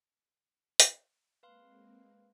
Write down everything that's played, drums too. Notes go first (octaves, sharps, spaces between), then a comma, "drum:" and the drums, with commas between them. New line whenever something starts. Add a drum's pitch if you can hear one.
drum: hi-hat
G#3 A#3 C4 B4 F5 C6